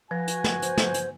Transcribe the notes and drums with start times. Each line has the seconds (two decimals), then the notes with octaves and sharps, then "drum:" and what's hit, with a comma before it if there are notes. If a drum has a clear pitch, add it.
0.11 F3 F#4 B4 G#5 A#6
0.28 drum: hi-hat
0.44 drum: snare
0.62 C5, drum: hi-hat
0.78 drum: snare
0.94 drum: hi-hat